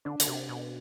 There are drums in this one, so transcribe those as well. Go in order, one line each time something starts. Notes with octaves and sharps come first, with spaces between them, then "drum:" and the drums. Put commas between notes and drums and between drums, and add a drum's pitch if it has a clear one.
D3 D4
D3, drum: hi-hat
C3
B2